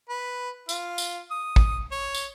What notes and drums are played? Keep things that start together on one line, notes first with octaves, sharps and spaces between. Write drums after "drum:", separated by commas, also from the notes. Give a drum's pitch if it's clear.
B4
F4, drum: tambourine
drum: tambourine
D#6
drum: kick
C#5
drum: tambourine